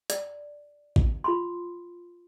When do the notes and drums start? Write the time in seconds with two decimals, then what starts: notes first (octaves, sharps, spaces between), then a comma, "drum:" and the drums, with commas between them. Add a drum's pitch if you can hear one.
0.10 D5, drum: hi-hat
0.96 drum: kick A1
1.24 F4 B5 C6